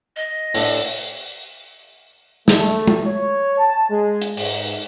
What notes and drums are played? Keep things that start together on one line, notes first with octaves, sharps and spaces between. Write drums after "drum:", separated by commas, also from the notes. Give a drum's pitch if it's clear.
D#5
A2 D4, drum: open hi-hat
A3, drum: snare
drum: tom G#3
C#5
A5
G#3
drum: hi-hat
G#2, drum: open hi-hat